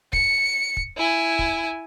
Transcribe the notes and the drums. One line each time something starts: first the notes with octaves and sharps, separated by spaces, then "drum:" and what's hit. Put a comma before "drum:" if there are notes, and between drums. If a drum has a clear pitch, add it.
C#7, drum: kick
drum: kick
E4 G#5
drum: kick